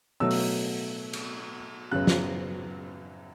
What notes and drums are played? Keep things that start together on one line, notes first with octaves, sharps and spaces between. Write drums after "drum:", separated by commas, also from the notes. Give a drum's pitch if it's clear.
B2 F#3 A3 E6
drum: open hi-hat
drum: cymbal
F#2 C#3 F#3 B3 F#6
drum: snare